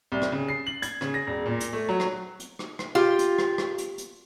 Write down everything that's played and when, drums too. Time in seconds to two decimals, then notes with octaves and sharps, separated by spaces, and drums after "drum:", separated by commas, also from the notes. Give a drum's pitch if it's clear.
0.12 C2
0.22 drum: rim click
0.32 C#3
0.48 C7
0.67 F#7
0.82 G#6, drum: hi-hat
1.01 C#3, drum: rim click
1.14 A#6
1.27 E1
1.46 A#2
1.60 drum: hi-hat
1.73 A3
1.89 F#3
2.00 drum: rim click
2.40 drum: hi-hat
2.59 drum: rim click
2.79 drum: rim click
2.95 F4 G4
3.19 drum: hi-hat
3.38 drum: rim click
3.58 drum: rim click
3.78 drum: hi-hat
3.98 drum: hi-hat